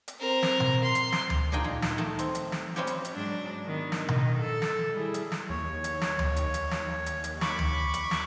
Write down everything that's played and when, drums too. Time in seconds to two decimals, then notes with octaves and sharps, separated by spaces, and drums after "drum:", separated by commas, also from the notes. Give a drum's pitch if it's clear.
0.08 drum: hi-hat
0.20 C4 A#4
0.43 drum: snare
0.60 drum: tom B2
0.84 C6
0.95 drum: hi-hat
1.12 drum: snare
1.30 drum: tom D2
1.52 A#2 D4 D#4 G#4 G5
1.64 A#2 D#3 G#3
1.82 drum: snare
1.98 D#3 A3 D#4 A4
2.19 C4, drum: hi-hat
2.35 drum: hi-hat
2.52 drum: snare
2.76 G3 G#3 C4 C#4 F#4 G4
2.87 drum: hi-hat
3.05 drum: hi-hat
3.14 G#2 F#3 D4
3.66 D#3 B3
3.92 drum: snare
4.08 D#3 D#5, drum: tom B2
4.38 A4
4.62 drum: snare
4.93 G3 E4 G#4
5.14 drum: hi-hat
5.32 drum: snare
5.50 D#2 C#5
5.84 drum: hi-hat
6.01 drum: snare
6.19 drum: tom D2
6.36 drum: hi-hat
6.54 drum: hi-hat
6.71 drum: snare
7.06 drum: hi-hat
7.24 drum: hi-hat
7.41 B5 C#6 D6, drum: snare
7.59 drum: tom D2
7.94 drum: hi-hat
8.11 drum: snare